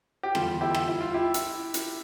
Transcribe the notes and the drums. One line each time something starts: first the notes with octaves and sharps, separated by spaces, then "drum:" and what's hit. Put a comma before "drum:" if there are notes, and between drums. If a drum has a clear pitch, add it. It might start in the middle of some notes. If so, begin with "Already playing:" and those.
G4
E2 D3 G3 F4, drum: rim click
F4
E4 G4
F4, drum: rim click
E4
F4
E4 G4
drum: hi-hat
drum: hi-hat